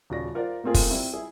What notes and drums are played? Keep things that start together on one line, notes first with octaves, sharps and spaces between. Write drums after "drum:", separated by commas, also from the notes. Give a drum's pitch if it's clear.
D#1 C#3 F#4 D5 A#6
F4 A#4 C5 D5 F#5
A3 A#3 C4 F4 G#4 A#4
drum: kick, open hi-hat
G3 C4 E4
E4 G#4